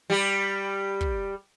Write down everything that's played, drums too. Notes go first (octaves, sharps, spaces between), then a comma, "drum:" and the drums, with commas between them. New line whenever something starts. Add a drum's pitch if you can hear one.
G3 G4
drum: kick